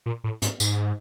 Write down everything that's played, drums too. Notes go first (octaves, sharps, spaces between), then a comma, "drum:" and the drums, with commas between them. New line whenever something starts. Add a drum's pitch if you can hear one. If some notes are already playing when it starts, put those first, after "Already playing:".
A#2
A2
G#2, drum: hi-hat
G#2, drum: tambourine